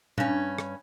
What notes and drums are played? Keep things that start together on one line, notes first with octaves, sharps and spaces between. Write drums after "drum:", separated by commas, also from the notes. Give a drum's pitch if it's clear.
G2 C#4, drum: tom A#2
drum: rim click